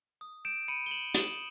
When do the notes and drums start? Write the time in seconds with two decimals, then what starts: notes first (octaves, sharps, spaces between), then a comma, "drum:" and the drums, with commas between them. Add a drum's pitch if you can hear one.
0.21 D#6
0.45 G6 D7 E7
0.68 B5 C#7 D#7
0.86 G7
0.91 B5 E7 F#7
1.14 D#6 E7 F#7, drum: hi-hat